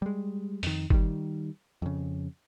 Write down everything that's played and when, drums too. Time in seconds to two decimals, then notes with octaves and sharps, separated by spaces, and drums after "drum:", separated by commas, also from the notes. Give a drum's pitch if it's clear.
0.02 G3 G#3
0.63 F2 D#3, drum: open hi-hat
0.90 D#3 G3, drum: kick
1.82 F2 C#3